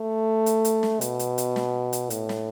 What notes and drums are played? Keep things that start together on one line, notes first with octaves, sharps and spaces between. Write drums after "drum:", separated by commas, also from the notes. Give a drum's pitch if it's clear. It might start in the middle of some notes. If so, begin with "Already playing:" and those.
Already playing: A3
drum: hi-hat
drum: hi-hat
drum: snare
B2, drum: hi-hat
drum: hi-hat
drum: hi-hat
drum: snare
drum: hi-hat
A2, drum: hi-hat
drum: snare